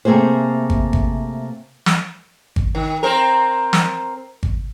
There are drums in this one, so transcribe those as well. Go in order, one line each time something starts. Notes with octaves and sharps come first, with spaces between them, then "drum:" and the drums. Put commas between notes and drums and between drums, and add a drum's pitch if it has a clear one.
C3 A3 A#3 G#4 C5
drum: kick G#1
drum: kick G#1
drum: snare
drum: kick G#1
D#3
C4 A#4
drum: snare
drum: kick G#1